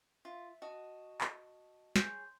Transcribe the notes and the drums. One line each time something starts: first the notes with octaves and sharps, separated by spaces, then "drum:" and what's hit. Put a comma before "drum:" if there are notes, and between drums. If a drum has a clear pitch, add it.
F4 E5
F#4 D#5 A5 D#6
drum: clap
G#4 C#5 C6 G6, drum: snare